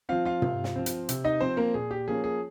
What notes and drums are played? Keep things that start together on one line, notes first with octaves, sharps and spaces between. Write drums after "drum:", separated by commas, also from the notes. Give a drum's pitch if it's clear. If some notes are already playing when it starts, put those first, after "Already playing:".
F3 C4 F4 F5
F4 F5
C3, drum: tom
drum: snare
F3 C4
drum: hi-hat
C3, drum: hi-hat
D#4 D#5
F3 C4 C5
A#3 A#4
A#2 G#4
G4
F3 A#3 C#4 G#4
G#4